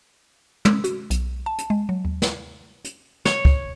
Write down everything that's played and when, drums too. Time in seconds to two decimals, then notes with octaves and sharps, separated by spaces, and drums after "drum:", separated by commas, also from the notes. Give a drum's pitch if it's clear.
0.65 E6, drum: tom
0.84 F#4, drum: hi-hat
1.10 B1, drum: hi-hat
1.46 A5
1.58 drum: hi-hat
1.70 G#3
1.89 F#3
2.05 D#2
2.22 drum: snare
2.84 drum: hi-hat
3.25 C#5, drum: snare
3.45 drum: kick